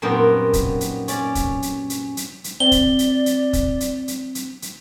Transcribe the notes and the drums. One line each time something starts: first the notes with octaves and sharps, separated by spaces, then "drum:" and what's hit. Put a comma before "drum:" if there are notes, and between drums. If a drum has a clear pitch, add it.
F#2 A#2 G3 B3 C4 D#4
drum: kick, hi-hat
drum: hi-hat
C#4 D5, drum: hi-hat
drum: kick, hi-hat
drum: hi-hat
drum: hi-hat
drum: hi-hat
drum: hi-hat
C4 D5 G7
drum: kick, hi-hat
drum: hi-hat
drum: hi-hat
drum: kick, hi-hat
drum: hi-hat
drum: hi-hat
drum: hi-hat
drum: hi-hat